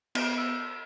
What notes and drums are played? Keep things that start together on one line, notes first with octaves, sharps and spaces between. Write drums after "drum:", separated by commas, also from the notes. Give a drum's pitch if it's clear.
B3, drum: cymbal
E6